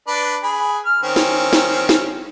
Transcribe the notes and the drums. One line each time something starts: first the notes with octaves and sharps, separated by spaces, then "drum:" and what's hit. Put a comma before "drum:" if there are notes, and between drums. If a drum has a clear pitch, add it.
D4 B4 D5
G#4 B5
F6
D#3 C4 C#4
drum: snare
drum: snare
drum: snare